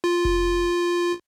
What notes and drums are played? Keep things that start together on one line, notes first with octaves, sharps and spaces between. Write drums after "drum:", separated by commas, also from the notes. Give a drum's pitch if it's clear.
F4
drum: kick F1